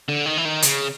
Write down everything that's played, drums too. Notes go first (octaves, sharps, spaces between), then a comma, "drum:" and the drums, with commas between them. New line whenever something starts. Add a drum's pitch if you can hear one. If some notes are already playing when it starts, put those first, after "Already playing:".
D3
D#3
E3
D#3
C#3, drum: hi-hat